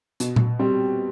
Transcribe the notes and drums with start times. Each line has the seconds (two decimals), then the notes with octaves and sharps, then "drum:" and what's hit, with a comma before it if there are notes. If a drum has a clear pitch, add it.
0.20 B2, drum: hi-hat
0.36 drum: tom A#2
0.59 G3 C4